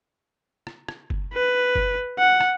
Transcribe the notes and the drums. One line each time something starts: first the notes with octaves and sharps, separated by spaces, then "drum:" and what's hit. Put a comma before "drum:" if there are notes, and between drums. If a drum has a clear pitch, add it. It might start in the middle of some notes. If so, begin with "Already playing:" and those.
drum: rim click
drum: rim click
drum: kick F#1
B4
drum: kick F#1
F#5
drum: rim click